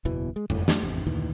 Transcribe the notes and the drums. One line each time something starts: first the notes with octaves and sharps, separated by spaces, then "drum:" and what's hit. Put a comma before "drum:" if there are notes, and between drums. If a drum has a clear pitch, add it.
F#1 E2 B2 E3
G#3
F#1 A2, drum: tom F2
F#3 A3 D4, drum: snare
G#1 E2 C3
D2 A#2 D#3 E3